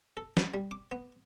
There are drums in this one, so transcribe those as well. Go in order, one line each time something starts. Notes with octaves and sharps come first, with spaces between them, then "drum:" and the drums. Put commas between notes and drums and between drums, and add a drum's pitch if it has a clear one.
A4
B4, drum: snare
G3
D6
B3